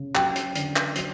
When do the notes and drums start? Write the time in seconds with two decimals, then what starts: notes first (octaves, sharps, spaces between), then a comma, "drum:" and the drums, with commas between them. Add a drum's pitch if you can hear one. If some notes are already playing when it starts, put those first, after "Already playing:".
Already playing: C#3
0.15 F#3 G5, drum: clap
0.36 drum: hi-hat
0.55 D3, drum: hi-hat
0.76 drum: clap
0.96 F#3, drum: hi-hat